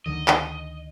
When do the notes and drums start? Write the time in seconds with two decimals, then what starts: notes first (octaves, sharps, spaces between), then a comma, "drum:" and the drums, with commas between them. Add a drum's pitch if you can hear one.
0.06 D2 D3 D#3 D#5
0.28 drum: clap